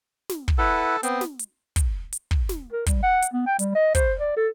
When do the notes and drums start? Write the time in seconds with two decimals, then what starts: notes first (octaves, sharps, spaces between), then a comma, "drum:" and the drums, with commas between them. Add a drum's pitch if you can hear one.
0.29 drum: snare
0.48 drum: kick
0.58 E4 A4 B4 F#5
1.03 B3 C4, drum: hi-hat
1.21 drum: snare
1.39 drum: hi-hat
1.76 drum: kick, hi-hat
2.13 drum: hi-hat
2.31 drum: kick
2.49 drum: snare
2.73 A#4
2.86 G3, drum: kick, hi-hat
3.03 F#5
3.22 drum: hi-hat
3.33 B3
3.46 G5
3.59 G3, drum: hi-hat
3.75 D#5
3.95 C5, drum: kick, hi-hat
4.19 D5
4.36 A4